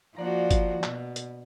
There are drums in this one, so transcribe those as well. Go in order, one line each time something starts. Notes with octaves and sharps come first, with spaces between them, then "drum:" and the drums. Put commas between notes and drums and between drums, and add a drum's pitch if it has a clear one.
F3 A#3 D4 F#4 D5 A#5
drum: kick, hi-hat
B2, drum: clap
drum: hi-hat